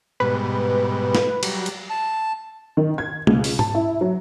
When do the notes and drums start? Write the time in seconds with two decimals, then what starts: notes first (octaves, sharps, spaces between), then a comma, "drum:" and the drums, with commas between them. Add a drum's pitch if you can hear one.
0.20 G#2 B2 G3 B4
1.15 drum: snare
1.43 F#3 G3, drum: cymbal
1.66 drum: hi-hat
1.90 A5
2.77 D#3
2.98 G#6
3.27 C#2, drum: tom B2
3.44 drum: open hi-hat
3.59 A5, drum: tom G#2
3.75 E4
4.01 F#3